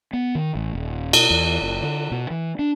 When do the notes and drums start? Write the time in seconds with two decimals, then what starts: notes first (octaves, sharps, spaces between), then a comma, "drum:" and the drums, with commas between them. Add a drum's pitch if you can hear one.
0.13 B3
0.35 D#3
0.55 A1
0.73 D#1
1.13 B2, drum: cymbal
1.31 E2
1.62 F#1
1.82 D3
2.12 B2
2.30 E3
2.59 D4